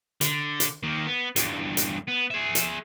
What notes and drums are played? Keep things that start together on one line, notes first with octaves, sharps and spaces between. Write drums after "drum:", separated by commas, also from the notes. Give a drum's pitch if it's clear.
D3, drum: hi-hat
drum: hi-hat
D#3 A#3
B3
E2 G2, drum: hi-hat
drum: hi-hat
B3
G#4 E5
drum: hi-hat